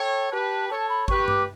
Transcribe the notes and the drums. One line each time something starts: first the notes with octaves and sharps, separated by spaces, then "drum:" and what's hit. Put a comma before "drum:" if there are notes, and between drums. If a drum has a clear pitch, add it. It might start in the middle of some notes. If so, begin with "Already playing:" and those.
Already playing: A4 C#5 G5
G4 B4 A5
A4 C#5 A5
B5
G4 B4 C#6, drum: kick G#1
D6, drum: tom G2